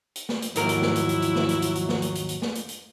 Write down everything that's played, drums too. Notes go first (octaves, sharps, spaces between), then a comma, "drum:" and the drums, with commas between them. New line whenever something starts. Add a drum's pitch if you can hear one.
drum: hi-hat
drum: snare
drum: hi-hat
D#2 G#2 F3 F#3 E4 A#4, drum: hi-hat
drum: hi-hat
drum: snare
drum: hi-hat
drum: hi-hat
drum: hi-hat
drum: snare
drum: hi-hat
drum: hi-hat
drum: hi-hat
drum: snare
drum: hi-hat
drum: hi-hat
drum: hi-hat
drum: snare
drum: hi-hat
drum: hi-hat